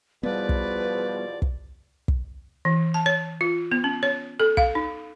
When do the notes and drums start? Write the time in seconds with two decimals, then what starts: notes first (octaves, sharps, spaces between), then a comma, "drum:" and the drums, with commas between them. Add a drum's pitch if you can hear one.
0.23 E2 B2 F3 G3 B3 B4 D5
0.49 drum: kick
1.42 drum: kick
2.08 drum: kick
2.65 E3
2.94 A5
3.06 C#5
3.41 F4
3.71 B3
3.84 C#4
4.03 C#5
4.40 A4
4.57 F5, drum: kick
4.75 D#4